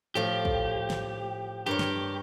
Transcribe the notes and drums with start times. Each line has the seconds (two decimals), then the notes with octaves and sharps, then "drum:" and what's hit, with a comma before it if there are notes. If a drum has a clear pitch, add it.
0.15 A2 F3 G4
0.45 drum: kick
0.90 drum: snare
1.66 G2 G4 A#4 C#5
1.79 drum: snare